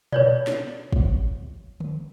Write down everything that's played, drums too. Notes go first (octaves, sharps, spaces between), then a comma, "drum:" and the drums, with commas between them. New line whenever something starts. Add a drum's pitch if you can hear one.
B4 C#5 D5, drum: tom A#2
drum: snare
drum: kick
drum: tom D3